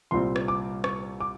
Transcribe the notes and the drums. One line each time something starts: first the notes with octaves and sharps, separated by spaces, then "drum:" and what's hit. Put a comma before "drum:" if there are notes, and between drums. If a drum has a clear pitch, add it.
C2 A#2 G3 C4 C6
drum: rim click
D6
C#6, drum: rim click
D6